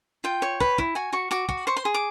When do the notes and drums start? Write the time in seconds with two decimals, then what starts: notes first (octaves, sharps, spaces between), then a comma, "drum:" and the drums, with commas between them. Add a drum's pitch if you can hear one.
0.24 F4 G5
0.42 C#5
0.60 B4, drum: kick
0.78 E4, drum: kick
0.95 F#4 G#5
1.13 F#4 C#6
1.31 F#4 D6, drum: snare
1.49 F#4, drum: kick
1.67 C5 C#6
1.77 C6
1.85 G#4
1.94 D6